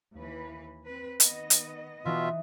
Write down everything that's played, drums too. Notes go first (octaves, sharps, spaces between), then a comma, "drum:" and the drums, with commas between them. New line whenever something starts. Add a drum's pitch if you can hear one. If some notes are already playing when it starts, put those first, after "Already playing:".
D#2 E3 B4
C4 B4
D#3 B3 D#5, drum: hi-hat
drum: hi-hat
B2 E3 D#4 F4 E5